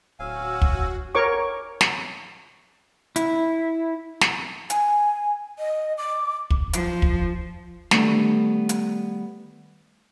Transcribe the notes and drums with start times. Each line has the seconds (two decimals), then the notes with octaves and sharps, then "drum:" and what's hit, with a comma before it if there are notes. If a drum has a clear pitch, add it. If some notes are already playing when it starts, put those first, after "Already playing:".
0.19 D1 C#4 F#4 F5 G#5 E6
0.62 drum: kick
1.15 A#4 C#5 C#6 D6
1.81 drum: snare
3.16 E4, drum: hi-hat
4.21 drum: snare
4.70 G#5, drum: hi-hat
5.59 D#5
5.98 D6
6.50 drum: kick
6.73 F3, drum: hi-hat
7.02 drum: kick
7.91 D#3 G3 A3 B3 C4 D4, drum: snare
8.69 drum: hi-hat